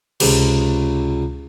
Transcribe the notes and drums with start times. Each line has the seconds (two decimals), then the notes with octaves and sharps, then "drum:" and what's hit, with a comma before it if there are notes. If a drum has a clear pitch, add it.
0.20 C#2 C3, drum: cymbal